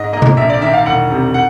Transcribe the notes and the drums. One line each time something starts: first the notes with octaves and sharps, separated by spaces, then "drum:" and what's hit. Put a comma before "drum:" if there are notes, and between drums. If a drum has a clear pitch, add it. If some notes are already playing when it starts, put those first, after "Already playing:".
Already playing: G#2 D#5
A#3 D#5
drum: tom C3
A#1 E5
D5
D#3 E5
F5
E1 F#5
C3
F#5